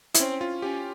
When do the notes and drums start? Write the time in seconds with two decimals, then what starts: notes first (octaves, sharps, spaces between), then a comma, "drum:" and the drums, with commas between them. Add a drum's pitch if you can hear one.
0.14 E4, drum: hi-hat
0.20 C4 C#4
0.41 F4
0.62 C#4 G4